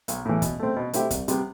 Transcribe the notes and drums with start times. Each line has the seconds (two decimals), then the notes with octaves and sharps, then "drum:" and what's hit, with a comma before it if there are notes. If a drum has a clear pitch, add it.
0.08 B1, drum: hi-hat
0.25 A2 E3
0.42 B2, drum: kick, hi-hat
0.60 A3 C4
0.76 B2
0.93 A3 C4 E4 G4, drum: hi-hat
1.11 C2, drum: kick, hi-hat
1.28 C3 G3 B3, drum: hi-hat